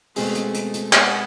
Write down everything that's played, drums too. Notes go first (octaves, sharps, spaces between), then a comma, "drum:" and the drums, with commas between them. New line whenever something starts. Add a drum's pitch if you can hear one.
B2 G#3 A3 C4 G#4, drum: open hi-hat
drum: hi-hat
drum: hi-hat
drum: hi-hat
B3, drum: clap